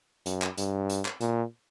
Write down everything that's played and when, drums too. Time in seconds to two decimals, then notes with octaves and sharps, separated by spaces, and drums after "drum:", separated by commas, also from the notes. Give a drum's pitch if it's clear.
0.26 F#2, drum: hi-hat
0.42 drum: clap
0.58 G2, drum: hi-hat
0.90 drum: hi-hat
1.05 drum: clap
1.21 A#2, drum: hi-hat